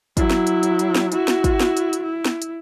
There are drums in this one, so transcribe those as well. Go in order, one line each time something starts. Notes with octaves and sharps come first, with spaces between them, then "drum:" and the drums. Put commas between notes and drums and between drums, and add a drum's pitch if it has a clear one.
F#3 E4, drum: kick, hi-hat
drum: snare
drum: hi-hat
drum: hi-hat
drum: hi-hat
drum: snare
E4 F#4, drum: hi-hat
drum: snare
drum: kick, hi-hat
drum: snare
drum: hi-hat
drum: hi-hat
E4
drum: snare
drum: hi-hat